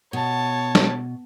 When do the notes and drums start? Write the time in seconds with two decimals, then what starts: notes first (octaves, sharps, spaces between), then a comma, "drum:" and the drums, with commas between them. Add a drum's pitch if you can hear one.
0.13 B2 C#5 A5
0.75 drum: snare